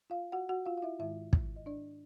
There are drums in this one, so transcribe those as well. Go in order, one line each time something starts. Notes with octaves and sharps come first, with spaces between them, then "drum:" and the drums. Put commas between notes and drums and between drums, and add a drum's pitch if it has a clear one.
F4 F5
F#4 F#5
F#4 F#5
F4 F5
F5
E4 E5
G#2 D#3 G#3 E4 E5
drum: kick
D#5
D4 D5